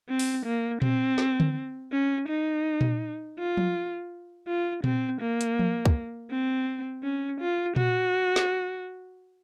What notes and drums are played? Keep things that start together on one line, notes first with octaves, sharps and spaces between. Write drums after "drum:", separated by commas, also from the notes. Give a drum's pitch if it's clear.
C4
drum: open hi-hat
A#3
C4, drum: tom A#2
drum: snare
drum: tom D3
C#4
D#4
drum: tom A#2
F4
drum: tom F3
F4
C4, drum: tom A#2
A#3
drum: hi-hat
drum: tom F3
drum: kick
C4
C#4
F4
F#4, drum: tom A#2
drum: snare